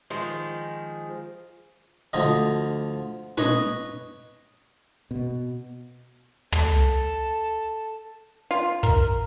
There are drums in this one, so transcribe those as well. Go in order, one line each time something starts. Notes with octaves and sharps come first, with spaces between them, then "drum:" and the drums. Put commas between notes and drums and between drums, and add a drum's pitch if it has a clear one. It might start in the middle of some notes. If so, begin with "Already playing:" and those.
D#3 F3 G#3
D2 F3 D#5
drum: hi-hat
B4 C#5 D#5, drum: snare
B2
A4 A5, drum: tom
F4, drum: hi-hat
A#4, drum: kick